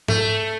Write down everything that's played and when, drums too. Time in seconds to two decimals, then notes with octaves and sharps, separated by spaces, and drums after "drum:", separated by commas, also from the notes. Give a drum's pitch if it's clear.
0.08 A3, drum: tom G#2